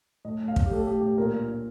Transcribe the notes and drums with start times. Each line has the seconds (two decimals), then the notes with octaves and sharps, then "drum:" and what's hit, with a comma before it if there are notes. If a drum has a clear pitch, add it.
0.25 A2 D#5
0.40 A2
0.48 F5
0.56 A2, drum: kick
0.66 G4
0.72 A2 A4
0.87 A2 G4
1.01 A2 G4
1.17 A#2 A#4
1.33 A#2
1.48 A#2